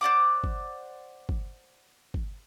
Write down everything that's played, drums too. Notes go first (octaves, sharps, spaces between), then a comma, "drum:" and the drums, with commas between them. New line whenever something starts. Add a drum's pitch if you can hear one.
C5 D5 F#5 D6
drum: kick
drum: kick
drum: kick